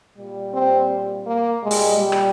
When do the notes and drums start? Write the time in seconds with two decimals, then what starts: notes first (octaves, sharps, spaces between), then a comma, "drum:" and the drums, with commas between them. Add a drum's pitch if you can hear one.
0.17 A#2 G3
0.52 C4
1.25 A#3
1.62 A#2 G3 G#3
1.71 drum: open hi-hat
1.98 G3
2.12 drum: rim click